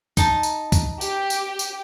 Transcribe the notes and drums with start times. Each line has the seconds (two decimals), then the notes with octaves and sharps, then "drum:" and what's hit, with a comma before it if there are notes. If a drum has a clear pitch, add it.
0.17 D#4 A5 A#5, drum: kick, tambourine
0.43 drum: tambourine
0.72 drum: kick, tambourine
1.01 G4, drum: tambourine
1.30 drum: tambourine
1.59 drum: tambourine